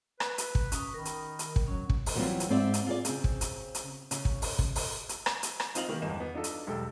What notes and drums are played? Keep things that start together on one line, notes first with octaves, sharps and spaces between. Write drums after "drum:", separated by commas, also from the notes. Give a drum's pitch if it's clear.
B4, drum: rim click
drum: hi-hat
drum: kick
C#4 D#6, drum: hi-hat
D#3 A#4 B5
drum: hi-hat
drum: hi-hat
drum: kick
F#3 C#4
drum: kick
drum: open hi-hat
E3 F#3 G3 B3 C4 F4
drum: hi-hat
G#2 C4 D5 E5
drum: hi-hat
F4 G#4 D5
C#3 C4, drum: hi-hat
drum: kick
drum: hi-hat
drum: hi-hat
C#3, drum: hi-hat
drum: kick
drum: open hi-hat
drum: kick
drum: open hi-hat
drum: hi-hat
drum: rim click
drum: hi-hat
drum: rim click
C4 D#4 F4 D#5 F7 F#7, drum: hi-hat
C3 D#3 E3 A#3 B3
G1 E2 D#5 E7
B3
D4 D#4 F4 A4
drum: hi-hat
E1 B1 G3 A4 G5